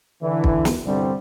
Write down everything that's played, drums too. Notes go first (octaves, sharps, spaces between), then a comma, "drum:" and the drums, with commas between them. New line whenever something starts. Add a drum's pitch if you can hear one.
D3 E3
drum: kick
drum: snare
C2 G2 D3 G3 C4